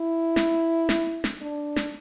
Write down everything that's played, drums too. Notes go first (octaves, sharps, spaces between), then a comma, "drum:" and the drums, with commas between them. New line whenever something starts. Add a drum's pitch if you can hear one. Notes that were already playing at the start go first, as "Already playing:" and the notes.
Already playing: E4
drum: snare
drum: snare
drum: snare
D4
drum: snare